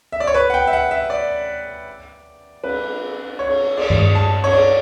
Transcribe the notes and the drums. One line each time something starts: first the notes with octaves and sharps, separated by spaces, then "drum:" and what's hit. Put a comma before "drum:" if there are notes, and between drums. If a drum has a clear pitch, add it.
E5
D5
C#5
B4
F#5
G5
E5
F#5
E5
D5
B4, drum: cymbal
C#5
drum: cymbal
D5, drum: cymbal
drum: tom G2
A5
C#5, drum: cymbal
D5